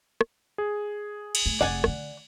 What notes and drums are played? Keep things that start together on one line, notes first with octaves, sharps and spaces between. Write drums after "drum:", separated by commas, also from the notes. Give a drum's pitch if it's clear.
drum: rim click
G#4
drum: cymbal
A3
F1 D5 F#5 G#5
D3 D#3, drum: rim click